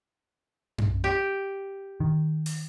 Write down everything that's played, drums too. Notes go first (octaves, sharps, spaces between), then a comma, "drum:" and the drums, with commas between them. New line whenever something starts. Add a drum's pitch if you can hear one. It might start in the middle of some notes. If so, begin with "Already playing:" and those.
drum: tom F#2
G4
D#3
drum: open hi-hat